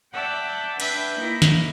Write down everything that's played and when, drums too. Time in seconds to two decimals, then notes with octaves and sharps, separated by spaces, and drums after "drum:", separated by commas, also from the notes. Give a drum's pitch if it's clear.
0.13 D5 E5 F#5 G5 A5 E6
0.80 D4 B4 E5 G5 B5, drum: cymbal
1.20 A#3 D#4 E4
1.42 drum: snare